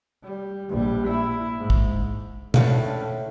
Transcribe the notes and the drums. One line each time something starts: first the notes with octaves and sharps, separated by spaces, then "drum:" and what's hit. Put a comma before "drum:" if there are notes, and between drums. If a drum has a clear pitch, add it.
G3
A#1 G3
E4
G#2
drum: kick
A2 F3 A3 B3 C#4 D4 E4, drum: tom